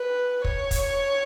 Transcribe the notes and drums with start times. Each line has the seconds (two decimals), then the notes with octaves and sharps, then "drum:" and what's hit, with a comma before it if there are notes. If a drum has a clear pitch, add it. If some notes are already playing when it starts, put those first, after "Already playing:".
Already playing: B4
0.44 C#5, drum: kick
0.71 drum: kick, hi-hat